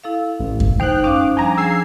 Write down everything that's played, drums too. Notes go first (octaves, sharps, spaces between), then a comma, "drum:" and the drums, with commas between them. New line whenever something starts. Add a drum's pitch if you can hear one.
E4 A4 F5
A1
drum: kick F#2
D#4 C5 G5 F#6
C#4 D#4 F5 D6
F3 G3 D4 G#5 A#5
G#4 F#5 E6 G#6 C7